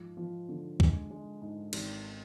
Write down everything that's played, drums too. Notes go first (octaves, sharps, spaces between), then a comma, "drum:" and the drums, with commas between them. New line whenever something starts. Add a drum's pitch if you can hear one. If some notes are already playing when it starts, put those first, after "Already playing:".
Already playing: G#2 F3
F3
D3
G#3, drum: kick
G#3
G#2
G#1, drum: cymbal